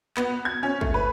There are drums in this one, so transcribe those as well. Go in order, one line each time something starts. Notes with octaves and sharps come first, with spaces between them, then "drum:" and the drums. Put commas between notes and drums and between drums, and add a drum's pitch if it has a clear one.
B3, drum: clap
G#6
C#4
A3, drum: kick
B4